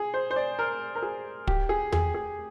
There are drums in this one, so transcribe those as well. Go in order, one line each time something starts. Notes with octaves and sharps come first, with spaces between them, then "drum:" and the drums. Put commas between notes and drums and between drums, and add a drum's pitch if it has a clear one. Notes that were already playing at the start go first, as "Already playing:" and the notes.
Already playing: G#4
C5
C5
D5
A#4
A#4
G#4
G4, drum: kick
G#4
G#4, drum: tom E2
G#4